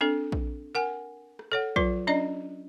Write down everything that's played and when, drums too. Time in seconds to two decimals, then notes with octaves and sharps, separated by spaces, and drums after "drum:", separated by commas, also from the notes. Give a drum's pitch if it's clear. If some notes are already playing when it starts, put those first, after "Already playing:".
0.01 C4 D4 A4
0.32 drum: kick A#1
0.75 A#4 F#5 G#5
1.39 drum: rim click
1.52 A4 C#5 F#5
1.76 F#3 F4 B4, drum: kick A#1
2.07 C#4 D4 D5 D#5